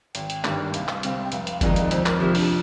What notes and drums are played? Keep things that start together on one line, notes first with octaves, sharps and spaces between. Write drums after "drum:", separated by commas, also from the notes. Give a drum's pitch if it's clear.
G#1 G5, drum: hi-hat
drum: hi-hat
G2 D#3 G3, drum: clap
G5
C2 F5, drum: hi-hat
drum: clap
C3 G3 C4 F5, drum: hi-hat
G5
F1 F5, drum: hi-hat
drum: hi-hat
F2 D#3 G#3 D#4 D5, drum: kick G1, hi-hat
drum: hi-hat
F2 C5, drum: hi-hat
A#4, drum: clap
C3 F3 G4
D4, drum: open hi-hat